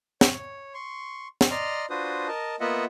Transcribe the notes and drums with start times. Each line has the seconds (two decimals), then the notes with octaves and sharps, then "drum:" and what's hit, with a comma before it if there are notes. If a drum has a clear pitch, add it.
0.21 C#5, drum: snare
0.74 C6 C#6
1.41 drum: snare
1.51 D5 D#5 A#5 C6 F6
1.90 D4 F4 F#4 B4 C5 D#6
2.28 A#4 D#5 A5
2.60 A#3 B3 F4 D#5 E5 F#5